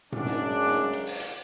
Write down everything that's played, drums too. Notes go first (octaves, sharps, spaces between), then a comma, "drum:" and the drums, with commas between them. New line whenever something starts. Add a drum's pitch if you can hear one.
F#2 C#3 F#3 G#3 D4, drum: tom A2
drum: snare
drum: snare
drum: hi-hat
drum: open hi-hat
drum: hi-hat